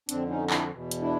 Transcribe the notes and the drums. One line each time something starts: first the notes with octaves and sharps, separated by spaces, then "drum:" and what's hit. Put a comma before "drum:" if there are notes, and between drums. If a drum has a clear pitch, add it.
F2 D3 C4 D4, drum: hi-hat
C#4 D#4
D4 E4, drum: clap
E2 B2
drum: hi-hat
D4 E4